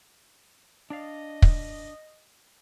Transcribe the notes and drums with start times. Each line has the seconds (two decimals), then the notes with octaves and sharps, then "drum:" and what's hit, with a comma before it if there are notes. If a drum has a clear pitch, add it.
0.90 D4 D5 D#5 F5
1.42 drum: kick